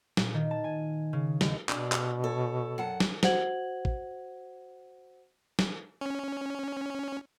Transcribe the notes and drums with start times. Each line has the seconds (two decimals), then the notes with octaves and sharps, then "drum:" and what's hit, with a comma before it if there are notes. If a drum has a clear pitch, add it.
0.17 A#2, drum: snare
0.34 D#3
0.51 A5
0.64 G#5
1.13 C#3
1.41 D#2, drum: snare
1.69 B2 D4, drum: clap
1.92 drum: clap
2.24 A4 C#5
2.78 F#2 F#5 A5
3.00 drum: snare
3.23 F#4 C5 F#5 G#6 F#7, drum: snare
3.85 drum: kick
5.59 drum: snare
6.01 C#4